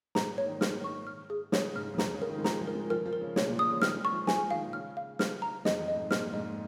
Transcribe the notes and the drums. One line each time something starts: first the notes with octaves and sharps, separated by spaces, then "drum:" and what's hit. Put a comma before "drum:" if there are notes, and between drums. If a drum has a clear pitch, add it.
G#2 A#5, drum: snare
A#2
C#5
D#3
D#3 F6, drum: snare
C#6
F6
G#4
C#3 C#5, drum: snare
G#2 F6
F2
G#2 A#5, drum: snare
C#3
A#4
D#3
G#3
F3 A#5, drum: snare
F3
A#4
G#3
F3 A#4
F3
A#4
C#3
A#2 C#5, drum: snare
A#2
A#2 D#6
C#3
D#3 F6, drum: snare
G#3
C#6
F3
F3 G#5, drum: snare
D#3 F5
A#2
C#3 F6
F5
F6, drum: snare
A#5
F2 D#5, drum: snare
F2
D#5
G#2
A#2 F6, drum: snare
G#2 D#5